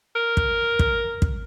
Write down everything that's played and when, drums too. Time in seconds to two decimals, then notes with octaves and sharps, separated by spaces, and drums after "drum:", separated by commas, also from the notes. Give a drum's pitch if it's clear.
0.16 A#4
0.37 drum: kick
0.79 drum: kick
1.22 drum: kick